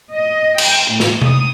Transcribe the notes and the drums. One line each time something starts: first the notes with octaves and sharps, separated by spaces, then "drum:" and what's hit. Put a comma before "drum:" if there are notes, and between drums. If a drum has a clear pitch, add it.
D#5
G5, drum: cymbal
A2
drum: snare
D#6, drum: tom C3